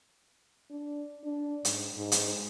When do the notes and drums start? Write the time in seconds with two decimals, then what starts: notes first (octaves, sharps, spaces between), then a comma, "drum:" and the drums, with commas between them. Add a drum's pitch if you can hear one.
0.70 D4
1.24 D4
1.65 G#2, drum: hi-hat
1.96 G#2
2.12 drum: hi-hat